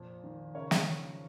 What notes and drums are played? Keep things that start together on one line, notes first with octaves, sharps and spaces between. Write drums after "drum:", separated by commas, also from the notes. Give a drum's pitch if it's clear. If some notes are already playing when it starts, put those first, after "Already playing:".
Already playing: F2 A#2
D#3
C#3 A#4 C#5
drum: snare
F3